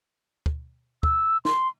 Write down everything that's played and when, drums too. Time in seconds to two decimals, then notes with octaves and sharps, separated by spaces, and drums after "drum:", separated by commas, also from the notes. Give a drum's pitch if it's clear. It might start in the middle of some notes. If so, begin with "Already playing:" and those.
0.46 drum: kick
1.03 E6, drum: kick
1.45 C6, drum: snare